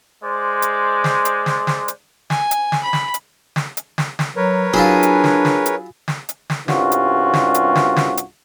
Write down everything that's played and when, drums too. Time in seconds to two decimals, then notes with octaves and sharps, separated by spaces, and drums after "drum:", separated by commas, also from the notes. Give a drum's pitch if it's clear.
0.24 G#3 C5 D5
0.62 drum: hi-hat
1.04 drum: snare
1.25 drum: hi-hat
1.46 drum: snare
1.67 drum: snare
1.88 drum: hi-hat
2.30 G#5, drum: snare
2.51 drum: hi-hat
2.72 drum: snare
2.83 B5
2.93 drum: snare
3.14 drum: hi-hat
3.56 drum: snare
3.77 drum: hi-hat
3.98 drum: snare
4.19 drum: snare
4.36 F#3 A#4 B4 C#5
4.74 F#3 D4 E4 F4 G#4
5.03 drum: hi-hat
5.24 drum: snare
5.45 drum: snare
5.66 drum: hi-hat
6.08 drum: snare
6.29 drum: hi-hat
6.50 drum: snare
6.68 C2 G2 C#4 F4 F#4, drum: snare
6.92 drum: hi-hat
7.33 drum: snare
7.54 drum: hi-hat
7.75 drum: snare
7.96 drum: snare
8.17 drum: hi-hat